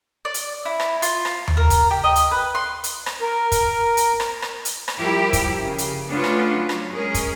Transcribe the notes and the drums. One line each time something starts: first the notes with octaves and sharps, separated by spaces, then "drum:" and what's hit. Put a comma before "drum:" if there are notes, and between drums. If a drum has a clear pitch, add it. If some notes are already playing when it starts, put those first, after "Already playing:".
D5
drum: hi-hat
E4
drum: rim click
F4, drum: hi-hat
drum: rim click
drum: tom D#2
A#4
drum: kick, hi-hat
G4
D#5
drum: hi-hat
B4
C6
drum: hi-hat
drum: rim click
A#4
drum: kick, hi-hat
drum: hi-hat
drum: rim click
drum: rim click
drum: hi-hat
drum: rim click
F3 G3 E4 G4 A#4
drum: kick, hi-hat
C#3
drum: hi-hat
A3 B3 C#4 D4 F4
drum: rim click
F#3
drum: rim click
G#3 C#4 G#4 A#4
drum: kick, hi-hat